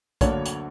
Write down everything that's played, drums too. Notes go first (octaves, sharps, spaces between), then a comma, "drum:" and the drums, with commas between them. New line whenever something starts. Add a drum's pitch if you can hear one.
D2 D3 F#3 A#3 D4 C#5, drum: kick A#1, hi-hat
drum: hi-hat